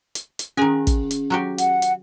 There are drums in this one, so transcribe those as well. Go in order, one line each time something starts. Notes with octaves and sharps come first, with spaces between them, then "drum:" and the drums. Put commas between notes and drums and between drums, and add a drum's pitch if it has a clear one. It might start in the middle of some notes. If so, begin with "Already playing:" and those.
drum: hi-hat
drum: hi-hat
D#3 C#4 G#4 G#5
drum: kick, hi-hat
drum: hi-hat
F#3 F#4 G4
F#5, drum: hi-hat
drum: hi-hat